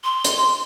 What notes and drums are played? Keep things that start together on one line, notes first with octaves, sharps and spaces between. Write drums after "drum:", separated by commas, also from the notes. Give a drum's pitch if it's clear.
C6
drum: hi-hat